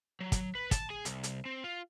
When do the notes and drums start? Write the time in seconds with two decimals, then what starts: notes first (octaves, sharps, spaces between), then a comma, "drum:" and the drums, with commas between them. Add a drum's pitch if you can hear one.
0.21 F#3
0.32 drum: kick, hi-hat
0.55 B4
0.71 A5, drum: kick, hi-hat
0.90 G#4
1.05 C2, drum: hi-hat
1.23 drum: hi-hat
1.46 C4
1.64 F4